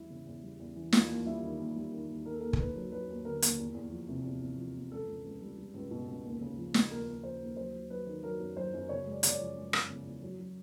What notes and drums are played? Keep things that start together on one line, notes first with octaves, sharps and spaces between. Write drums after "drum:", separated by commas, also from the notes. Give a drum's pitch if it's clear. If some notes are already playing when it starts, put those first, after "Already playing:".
Already playing: E2 E3 G3 E4
C#3
E2
G3
E2
E3
D#2 F4, drum: snare
D#2
G3 E4
D#3
D#2
G3
D#3
D#2
D#2 A#4
A4
D#2 A#4
A#4, drum: kick
D#2 B4
F#3
F#3 B4
D#2
D3 A#4
D#2, drum: hi-hat
E2
E2
F3
C3
E2
E2
F3
E2
C#2 A4
C#2
C#2
G3
G3
C#2
B2
C#2
D#2
C#3
F3
C#3, drum: snare
D#2 A#4
D#2
F3 C5
D#2
F#3 C5
F#3
F#3 B4
D#3
F#3 A#4
F#2
F#3 C5
F#2
C#3 C#5
G#3 D5
C#3 D5, drum: hi-hat
C#5
F3
G#3
C#3, drum: rim click
C#3
E2
F#3
F#3